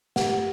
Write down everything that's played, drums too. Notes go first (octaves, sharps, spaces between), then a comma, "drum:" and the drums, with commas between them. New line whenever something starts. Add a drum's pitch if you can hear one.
G4 F#5, drum: snare